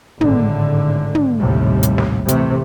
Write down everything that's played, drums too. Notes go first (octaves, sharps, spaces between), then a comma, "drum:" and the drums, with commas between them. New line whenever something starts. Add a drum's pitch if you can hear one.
G#1 A2 D3, drum: tom
drum: tom
A#1 D#2 A2 C3 G3
drum: hi-hat
drum: snare
C3 E3 A3, drum: hi-hat